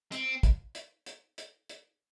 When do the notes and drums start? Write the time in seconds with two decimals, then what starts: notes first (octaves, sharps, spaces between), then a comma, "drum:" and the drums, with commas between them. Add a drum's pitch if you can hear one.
0.12 C4, drum: hi-hat
0.43 drum: kick, hi-hat
0.75 drum: hi-hat
1.06 drum: hi-hat
1.38 drum: hi-hat
1.69 drum: hi-hat